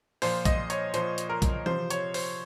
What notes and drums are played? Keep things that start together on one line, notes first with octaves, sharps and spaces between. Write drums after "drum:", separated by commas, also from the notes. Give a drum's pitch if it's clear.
A#2 F3 C5, drum: open hi-hat
D#5, drum: kick B1, hi-hat
C#5, drum: hi-hat
A#2 F3 C5, drum: hi-hat
drum: hi-hat
A#4
drum: kick B1, hi-hat
C3 F3 C5, drum: tom E3
C#5, drum: hi-hat
C5, drum: open hi-hat